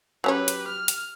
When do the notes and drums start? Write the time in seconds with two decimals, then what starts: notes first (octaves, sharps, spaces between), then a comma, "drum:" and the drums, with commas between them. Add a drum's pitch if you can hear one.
0.24 F#3 C#4 G4 B4 C#5
0.48 drum: hi-hat
0.68 F6
0.88 drum: hi-hat